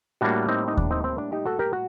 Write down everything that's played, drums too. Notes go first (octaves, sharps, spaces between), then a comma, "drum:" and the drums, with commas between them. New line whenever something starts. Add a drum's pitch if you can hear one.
A2 G3 A#3 D4 F#4
C4 D#4
D#4
D4, drum: kick D#2
C4 D#4
C4
D4
D#4 G4
F#4 A4
G4 A#4
F#4